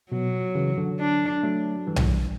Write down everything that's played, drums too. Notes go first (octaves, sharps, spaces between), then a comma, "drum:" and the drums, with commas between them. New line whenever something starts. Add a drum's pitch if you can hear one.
B2 F#3
C#3 E3
D3 F#3
D4
F#3 A3
E3 G3
drum: tom B1